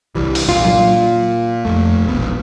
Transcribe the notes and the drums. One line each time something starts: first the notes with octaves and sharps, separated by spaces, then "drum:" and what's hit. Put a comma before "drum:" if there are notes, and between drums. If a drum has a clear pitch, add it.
C2 E3 G3
drum: open hi-hat
A#2 F4
drum: tom F#3
F2 A3
E1 A#1 B3